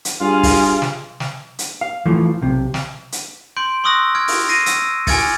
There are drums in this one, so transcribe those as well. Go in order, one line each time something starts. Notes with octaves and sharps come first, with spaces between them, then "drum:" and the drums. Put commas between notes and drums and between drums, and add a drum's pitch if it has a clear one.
drum: hi-hat
G2 F4 G#4 F5
drum: kick, open hi-hat
drum: snare
drum: snare
drum: hi-hat
F5
E3 F3 A3
B1 C3
drum: snare
drum: hi-hat
C6 G6 D7
C6 C#6 D#6 E6 F#6 A#6
F6 G#6 D7
drum: open hi-hat
A#6 C7 D#7
E6, drum: hi-hat
G#5 D6 F6 G#6 A6 C#7, drum: kick, open hi-hat